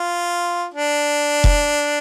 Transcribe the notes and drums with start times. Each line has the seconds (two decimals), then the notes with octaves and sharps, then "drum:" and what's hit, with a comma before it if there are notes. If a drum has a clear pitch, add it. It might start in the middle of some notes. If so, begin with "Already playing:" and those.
Already playing: F4
0.74 D4
1.44 drum: kick F1